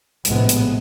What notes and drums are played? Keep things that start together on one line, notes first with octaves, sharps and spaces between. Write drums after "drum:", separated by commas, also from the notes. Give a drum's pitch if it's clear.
A#1 A2 C3 G#3 B3, drum: hi-hat
drum: hi-hat